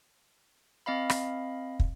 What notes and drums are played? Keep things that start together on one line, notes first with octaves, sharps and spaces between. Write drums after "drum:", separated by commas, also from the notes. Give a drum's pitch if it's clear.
C4 D#5 F5 B5
drum: rim click
drum: kick